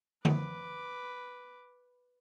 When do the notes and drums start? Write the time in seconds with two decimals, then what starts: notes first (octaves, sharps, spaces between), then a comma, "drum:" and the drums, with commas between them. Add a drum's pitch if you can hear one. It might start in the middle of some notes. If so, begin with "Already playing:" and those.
0.25 B4 D6, drum: tom D3